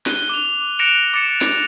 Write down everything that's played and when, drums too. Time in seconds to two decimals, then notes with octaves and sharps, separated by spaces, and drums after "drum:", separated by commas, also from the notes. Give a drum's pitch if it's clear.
0.06 F#6 D#7 G7, drum: snare
0.29 D6 F7
0.79 F#6 A#6 C#7 D7 E7 F7
1.14 D6 A6 C#7 E7, drum: hi-hat
1.41 drum: snare